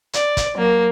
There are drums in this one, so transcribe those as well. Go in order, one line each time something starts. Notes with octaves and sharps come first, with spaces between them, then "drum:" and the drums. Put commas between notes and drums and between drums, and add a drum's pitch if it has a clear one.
D5, drum: hi-hat
drum: kick, hi-hat
F#3 A#3